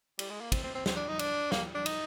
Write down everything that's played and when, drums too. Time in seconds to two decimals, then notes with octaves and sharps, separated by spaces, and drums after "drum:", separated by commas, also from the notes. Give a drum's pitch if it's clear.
0.19 G3, drum: cymbal
0.30 G#3
0.41 A#3
0.52 C4, drum: kick, cymbal
0.64 C4
0.75 C4
0.86 C4, drum: snare
0.96 D4
1.08 D#4
1.19 D4, drum: cymbal
1.52 A#3, drum: snare
1.75 D4
1.86 D#4, drum: cymbal